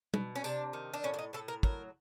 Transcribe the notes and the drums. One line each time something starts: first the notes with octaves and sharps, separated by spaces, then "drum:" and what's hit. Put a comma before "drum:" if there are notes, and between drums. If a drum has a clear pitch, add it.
B2, drum: tom
C#4
C3 D4, drum: tambourine
D#3
D4
A2 C#4
D4
D#4
A2 A4
A#4
F#3 A#4, drum: kick